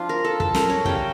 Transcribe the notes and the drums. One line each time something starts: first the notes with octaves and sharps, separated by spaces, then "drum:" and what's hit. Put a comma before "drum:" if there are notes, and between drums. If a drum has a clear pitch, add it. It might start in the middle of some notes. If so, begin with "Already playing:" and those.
Already playing: F3 D4 F4
A#4
A4
A4, drum: kick
A#4, drum: snare
C#5
C#3 G3 C#4 G5, drum: kick